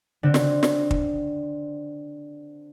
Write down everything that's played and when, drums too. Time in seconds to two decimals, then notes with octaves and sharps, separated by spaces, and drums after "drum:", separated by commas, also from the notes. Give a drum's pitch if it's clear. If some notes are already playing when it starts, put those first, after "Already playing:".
0.23 D3 C4
0.34 drum: snare
0.63 drum: snare
0.91 drum: kick